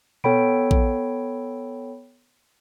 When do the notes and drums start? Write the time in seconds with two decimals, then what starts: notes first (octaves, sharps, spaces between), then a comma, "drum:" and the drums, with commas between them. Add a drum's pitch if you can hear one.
0.24 B3 A4 C#5 G5 B5 D7, drum: tom A#2
0.71 drum: kick A#1